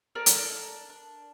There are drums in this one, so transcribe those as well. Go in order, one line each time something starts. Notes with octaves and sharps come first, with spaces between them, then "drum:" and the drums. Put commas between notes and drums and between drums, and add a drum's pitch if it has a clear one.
A4 A#4 D5
drum: hi-hat
D4
D4